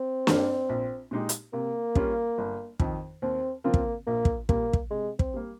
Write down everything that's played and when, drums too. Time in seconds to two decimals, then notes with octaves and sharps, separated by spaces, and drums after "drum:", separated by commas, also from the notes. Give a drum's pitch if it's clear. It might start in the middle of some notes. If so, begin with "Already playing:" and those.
Already playing: C4
0.27 G2 G3 A#3, drum: snare
0.69 A#1
1.11 A#2 G#3 D#4 G4
1.29 drum: hi-hat
1.53 C3 A#3
1.95 G3 C#4 F4, drum: kick
2.38 G1
2.80 F2 D#3, drum: kick
3.22 D#2 C4
3.64 C#3 F3 A#3 C4 F4
3.74 drum: kick
4.07 A#1 A#3
4.25 drum: kick
4.49 A#2 G3 A#3, drum: kick
4.73 drum: kick
4.91 C3 G#3
5.19 C4, drum: kick
5.34 G3 A#3